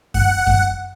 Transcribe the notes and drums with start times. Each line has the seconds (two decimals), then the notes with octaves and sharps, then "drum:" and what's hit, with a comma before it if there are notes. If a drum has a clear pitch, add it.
0.14 F#5, drum: kick F#2
0.47 drum: kick F#2